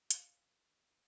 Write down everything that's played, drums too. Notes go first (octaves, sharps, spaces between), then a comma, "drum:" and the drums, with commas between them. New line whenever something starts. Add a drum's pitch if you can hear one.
F5, drum: hi-hat